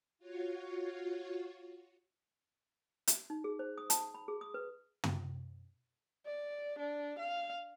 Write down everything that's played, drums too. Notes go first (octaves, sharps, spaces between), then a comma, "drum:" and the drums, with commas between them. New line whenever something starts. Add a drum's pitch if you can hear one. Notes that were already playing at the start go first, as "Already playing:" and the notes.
F4 F#4 C#5
drum: hi-hat
D#4
G#4
C5
D#6
A5, drum: hi-hat
B5
G#4
D#6
B4
drum: tom
D5
D4
F5